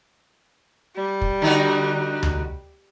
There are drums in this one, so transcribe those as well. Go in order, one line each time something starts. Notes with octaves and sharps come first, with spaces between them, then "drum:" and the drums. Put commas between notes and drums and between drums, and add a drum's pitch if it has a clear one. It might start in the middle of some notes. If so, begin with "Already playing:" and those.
G3
drum: kick
D3 D#4 F#4
drum: tom D2